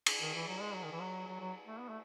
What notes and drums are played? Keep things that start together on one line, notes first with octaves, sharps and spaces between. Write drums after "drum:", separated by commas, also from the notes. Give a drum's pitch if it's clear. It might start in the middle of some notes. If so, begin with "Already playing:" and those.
drum: cymbal
D#3
E3
F#3
G#3
F#3
D#3
E3
F#3
F#3
F#3
A3
B3
A3